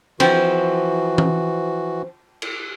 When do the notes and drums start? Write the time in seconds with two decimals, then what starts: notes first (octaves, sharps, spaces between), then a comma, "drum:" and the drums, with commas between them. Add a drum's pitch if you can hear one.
0.20 E3 F3 C4 F#4, drum: cymbal
1.18 drum: tom E3
2.42 drum: cymbal